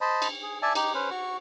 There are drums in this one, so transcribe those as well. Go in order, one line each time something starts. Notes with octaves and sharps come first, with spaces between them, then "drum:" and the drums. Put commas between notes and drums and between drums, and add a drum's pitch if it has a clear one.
C5 D#5 A5 B5
drum: cymbal
G#4
D5 E5 G#5 A5
D#4 G4, drum: cymbal
C#4 B4 C5
F#4 C#6